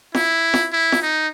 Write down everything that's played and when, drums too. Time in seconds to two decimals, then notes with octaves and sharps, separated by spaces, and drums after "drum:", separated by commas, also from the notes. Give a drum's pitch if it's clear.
0.15 E4, drum: snare F4
0.54 drum: snare F4
0.73 E4
0.92 drum: snare F4
1.02 D#4